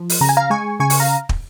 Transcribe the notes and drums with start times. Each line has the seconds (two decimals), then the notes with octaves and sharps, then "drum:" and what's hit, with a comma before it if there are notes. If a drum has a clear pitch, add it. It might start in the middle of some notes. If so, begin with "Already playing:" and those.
Already playing: F3
0.10 drum: open hi-hat
0.21 C#3 A#5
0.29 G#5
0.37 F5 A#5
0.50 G#3 G#5 C#6
0.80 C#3 G#5 C#6
0.90 C#6, drum: open hi-hat
1.00 F5 A#5
1.29 drum: kick